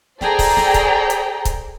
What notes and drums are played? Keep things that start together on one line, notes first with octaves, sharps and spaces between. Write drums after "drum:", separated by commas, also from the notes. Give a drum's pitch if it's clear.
G#4 A4 C5 D5 G5 A#5, drum: snare
drum: kick C#1, open hi-hat
drum: snare
drum: kick C#1, hi-hat
drum: hi-hat
drum: kick C#1, hi-hat